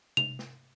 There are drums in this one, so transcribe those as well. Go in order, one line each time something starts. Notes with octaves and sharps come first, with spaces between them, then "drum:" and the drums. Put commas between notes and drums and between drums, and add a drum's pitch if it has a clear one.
F7, drum: tom C3
drum: snare